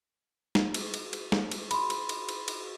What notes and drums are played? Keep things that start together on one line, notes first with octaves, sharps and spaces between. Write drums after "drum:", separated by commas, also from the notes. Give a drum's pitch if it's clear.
drum: snare
drum: cymbal
drum: cymbal
drum: cymbal
drum: snare
drum: cymbal
B5 C6, drum: cymbal
drum: cymbal
drum: cymbal
drum: cymbal
drum: cymbal